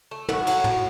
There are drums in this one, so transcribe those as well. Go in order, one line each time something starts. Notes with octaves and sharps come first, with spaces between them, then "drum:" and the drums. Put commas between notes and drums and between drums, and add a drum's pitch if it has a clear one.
A3
A2 F#4, drum: tom
F#3, drum: cymbal
A2, drum: tom